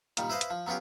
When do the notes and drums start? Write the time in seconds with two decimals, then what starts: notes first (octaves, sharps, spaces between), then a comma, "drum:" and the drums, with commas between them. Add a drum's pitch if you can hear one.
0.17 A#2 D#3 G3, drum: hi-hat
0.30 E4 B4 C5 D#5 F5
0.41 drum: hi-hat
0.50 F3
0.66 F#3 B3 C#4 F4 G4